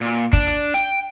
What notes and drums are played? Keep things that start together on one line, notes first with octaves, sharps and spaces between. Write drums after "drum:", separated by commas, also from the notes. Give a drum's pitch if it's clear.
A#2
D4, drum: kick, hi-hat
drum: hi-hat
G5, drum: hi-hat